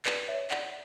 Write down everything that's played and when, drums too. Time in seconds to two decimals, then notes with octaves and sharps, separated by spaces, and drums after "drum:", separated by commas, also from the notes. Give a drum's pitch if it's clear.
0.06 B4 D5, drum: clap
0.28 C#5 E5
0.51 D5 F#5, drum: clap